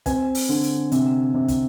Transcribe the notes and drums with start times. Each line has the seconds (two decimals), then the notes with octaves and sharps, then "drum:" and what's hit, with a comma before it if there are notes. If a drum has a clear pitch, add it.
0.06 C4 G#5, drum: kick, hi-hat
0.35 drum: open hi-hat
0.49 D3
0.63 drum: hi-hat
0.92 C3, drum: hi-hat
1.34 C3
1.48 drum: kick, hi-hat